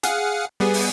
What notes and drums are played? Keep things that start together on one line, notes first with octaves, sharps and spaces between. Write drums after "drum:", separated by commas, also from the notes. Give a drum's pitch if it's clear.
G#4 F5 F#5, drum: hi-hat
G3 B3 G#4
drum: open hi-hat